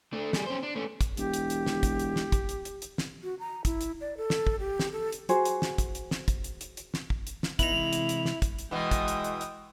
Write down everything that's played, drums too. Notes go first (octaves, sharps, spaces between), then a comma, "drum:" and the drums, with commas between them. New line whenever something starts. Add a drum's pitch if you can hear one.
A3 D4
G3 G#4, drum: snare
C#4 C5
D4
A3 C#4
drum: kick, hi-hat
E1 G4, drum: hi-hat
drum: hi-hat
drum: hi-hat
drum: snare
drum: kick, hi-hat
drum: hi-hat
drum: snare
drum: kick, hi-hat
drum: hi-hat
drum: hi-hat
drum: hi-hat
drum: snare
F#4
A#5
E4, drum: kick, hi-hat
drum: hi-hat
D5
A4
drum: snare
drum: kick
G4
drum: snare
A4
drum: hi-hat
F#4 G#4 C5, drum: hi-hat
drum: hi-hat
drum: snare
drum: kick, hi-hat
drum: hi-hat
drum: snare
drum: kick, hi-hat
drum: hi-hat
drum: hi-hat
drum: hi-hat
drum: snare
drum: kick
drum: hi-hat
drum: snare
B3 D#4 E4 F7 F#7, drum: kick, hi-hat
C3 E3 G#3
drum: hi-hat
drum: hi-hat
drum: snare
drum: kick, hi-hat
drum: hi-hat
B2 E3 G#3 G5 D#6
drum: kick, hi-hat
drum: hi-hat
drum: hi-hat
drum: hi-hat